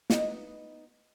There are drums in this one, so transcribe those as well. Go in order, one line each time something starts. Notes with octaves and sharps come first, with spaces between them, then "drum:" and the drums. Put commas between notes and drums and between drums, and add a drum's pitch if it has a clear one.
B3 D#4 B4 D#5, drum: snare